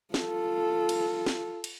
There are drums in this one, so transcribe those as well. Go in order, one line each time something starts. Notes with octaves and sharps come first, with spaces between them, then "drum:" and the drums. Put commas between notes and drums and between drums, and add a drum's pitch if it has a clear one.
F4 A4, drum: snare
drum: cymbal
drum: snare
drum: cymbal